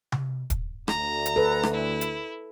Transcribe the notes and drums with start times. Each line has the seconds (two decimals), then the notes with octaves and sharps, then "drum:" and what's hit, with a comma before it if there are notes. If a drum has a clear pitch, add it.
0.12 drum: tom C3
0.50 drum: kick, hi-hat
0.88 D2 A#5, drum: rim click
1.26 drum: hi-hat
1.36 A4 B4
1.63 drum: rim click
1.74 E4
2.01 drum: hi-hat